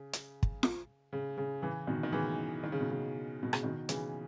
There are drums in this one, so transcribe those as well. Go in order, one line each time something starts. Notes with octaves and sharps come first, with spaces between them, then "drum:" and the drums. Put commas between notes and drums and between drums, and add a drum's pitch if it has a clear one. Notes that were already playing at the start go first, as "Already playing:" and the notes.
Already playing: C#3
drum: hi-hat
drum: kick
drum: snare F4
C#3
C#3
C#3 E3
B2 D#3
D#3
C#3 E3
D#3
C#3
B2
C#3
B2
C#3, drum: rim click
B2 D#3
C#3 E3, drum: hi-hat